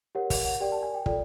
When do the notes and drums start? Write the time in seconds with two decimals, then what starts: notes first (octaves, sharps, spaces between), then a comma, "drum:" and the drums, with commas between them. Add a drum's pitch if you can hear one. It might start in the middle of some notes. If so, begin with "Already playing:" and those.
0.15 G4 A#4 C#5 F#5
0.30 F#5, drum: kick, open hi-hat
0.45 F#5
0.60 G4 A#4 D5 G5
0.72 A5
0.83 G#5
0.94 G5
1.06 F4 A4 D5 G5, drum: kick